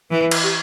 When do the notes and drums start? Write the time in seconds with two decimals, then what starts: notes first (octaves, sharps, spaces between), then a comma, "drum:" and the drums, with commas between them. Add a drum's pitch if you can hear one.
0.11 E3 B4
0.31 drum: cymbal
0.43 G4